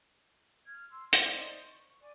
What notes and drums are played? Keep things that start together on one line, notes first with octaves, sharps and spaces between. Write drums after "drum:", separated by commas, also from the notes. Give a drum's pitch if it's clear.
F6 G#6
C6 E6
D#4 C5 D5 D#5, drum: hi-hat
C#6
D5 G#5